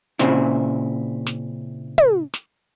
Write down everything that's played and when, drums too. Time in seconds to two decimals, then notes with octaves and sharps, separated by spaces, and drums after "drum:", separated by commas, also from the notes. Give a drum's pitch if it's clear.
0.19 A#2 C#3 C4 E4, drum: snare
1.26 drum: snare
1.98 drum: tom
2.34 drum: snare